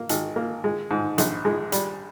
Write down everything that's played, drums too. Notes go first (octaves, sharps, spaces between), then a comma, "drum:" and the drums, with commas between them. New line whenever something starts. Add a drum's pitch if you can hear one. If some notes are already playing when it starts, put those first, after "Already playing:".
Already playing: A#3
G#1, drum: hi-hat
A#3
G#3
G#2
A#1, drum: hi-hat
G#3
G3, drum: hi-hat